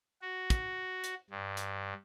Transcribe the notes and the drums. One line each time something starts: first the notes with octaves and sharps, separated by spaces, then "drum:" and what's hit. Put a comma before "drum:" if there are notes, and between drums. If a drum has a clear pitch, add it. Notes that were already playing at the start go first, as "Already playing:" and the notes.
F#4
drum: kick, hi-hat
drum: hi-hat
G2
drum: hi-hat